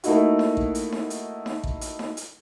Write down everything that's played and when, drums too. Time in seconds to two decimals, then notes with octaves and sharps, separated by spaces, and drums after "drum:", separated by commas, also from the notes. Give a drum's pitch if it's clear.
0.04 A3 A#3 D#4 E4 F#4, drum: hi-hat
0.39 drum: snare D#4
0.57 drum: kick A1
0.75 drum: hi-hat
0.92 drum: snare D#4
1.10 drum: hi-hat
1.46 drum: snare D#4
1.64 drum: kick A1
1.81 drum: hi-hat
1.99 drum: snare D#4
2.17 drum: hi-hat